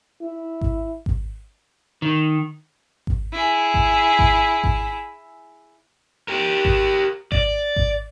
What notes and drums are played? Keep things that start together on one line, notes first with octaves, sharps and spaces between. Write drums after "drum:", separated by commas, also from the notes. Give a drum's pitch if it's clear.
E4
drum: kick G#1
drum: kick G#1
D#3
drum: kick G#1
E4 G#4
drum: kick G#1
drum: kick G#1
drum: kick G#1
G4 A#4
drum: kick G#1
D5, drum: kick G#1
drum: kick G#1